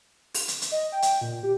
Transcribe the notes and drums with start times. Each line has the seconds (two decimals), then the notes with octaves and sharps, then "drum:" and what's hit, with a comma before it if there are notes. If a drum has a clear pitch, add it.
0.34 drum: open hi-hat
0.48 drum: hi-hat
0.62 drum: hi-hat
0.72 D#5
0.92 G5
1.02 drum: hi-hat
1.21 A#2
1.43 G4